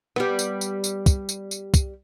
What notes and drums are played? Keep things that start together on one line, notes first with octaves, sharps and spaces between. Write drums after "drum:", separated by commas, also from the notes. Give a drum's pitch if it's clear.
G3 B3, drum: rim click
drum: tambourine
drum: tambourine
drum: tambourine
drum: kick, tambourine
drum: tambourine
drum: tambourine
drum: kick, tambourine